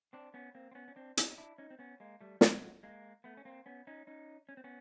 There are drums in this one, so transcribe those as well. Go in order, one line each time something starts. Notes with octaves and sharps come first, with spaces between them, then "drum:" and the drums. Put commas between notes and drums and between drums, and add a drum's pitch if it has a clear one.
C4 D4
B3 C#4
A#3 C4
C4
B3 C#4
C#4
C4 D4
C#4 D#4, drum: hi-hat
D#4
D4 E4
C#4 D#4
C4
B3 C#4
G#3 A#3
G3 A3
F#3 G#3, drum: snare
G#3 A#3
A3 B3
C#4
A#3 C4
B3 C#4
C#4 D#4
C#4 D#4
C#4
C4
B3 C#4